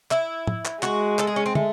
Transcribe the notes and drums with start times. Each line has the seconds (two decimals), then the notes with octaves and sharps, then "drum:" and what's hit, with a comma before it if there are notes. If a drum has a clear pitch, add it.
0.11 E4, drum: clap
0.47 drum: tom
0.65 drum: clap
0.83 G#3 F#4, drum: clap
1.19 A4, drum: clap
1.27 G#4
1.36 C#4
1.46 C4
1.55 A3, drum: tom